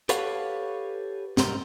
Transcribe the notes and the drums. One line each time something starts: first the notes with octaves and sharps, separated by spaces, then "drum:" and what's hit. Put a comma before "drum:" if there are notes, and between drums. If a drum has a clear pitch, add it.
G4 A4 B4 C#5 F5 F#5, drum: hi-hat
C2 G#2 C4 A#4 C6, drum: snare